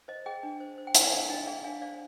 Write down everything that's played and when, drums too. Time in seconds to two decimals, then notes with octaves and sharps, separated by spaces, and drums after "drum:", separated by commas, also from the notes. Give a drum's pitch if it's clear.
0.08 C5 D#5
0.26 G#4 D#5 G5
0.43 D4
0.60 C5
0.78 C5
0.87 G5
0.95 C5 F5 G#5, drum: hi-hat
1.12 D4 F5 G#5
1.30 D4 D#5 G5
1.47 G#4 D5 F5
1.64 D4 F5 G#5
1.81 C5 D5 F5